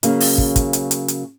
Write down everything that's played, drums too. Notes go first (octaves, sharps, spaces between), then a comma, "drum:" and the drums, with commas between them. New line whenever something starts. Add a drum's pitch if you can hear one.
C#3 F#3 A#3 C#4, drum: hi-hat
drum: open hi-hat
drum: kick
drum: kick, hi-hat
drum: hi-hat
drum: hi-hat
drum: hi-hat